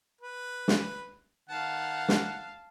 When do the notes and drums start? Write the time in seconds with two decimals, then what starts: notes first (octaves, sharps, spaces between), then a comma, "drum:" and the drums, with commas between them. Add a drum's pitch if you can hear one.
0.21 B4
0.68 drum: snare
1.49 D#3 F5 F#5 A5
2.09 drum: snare